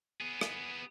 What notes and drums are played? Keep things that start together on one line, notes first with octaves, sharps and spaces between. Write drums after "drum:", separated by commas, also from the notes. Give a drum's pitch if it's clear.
B3 G#4
drum: rim click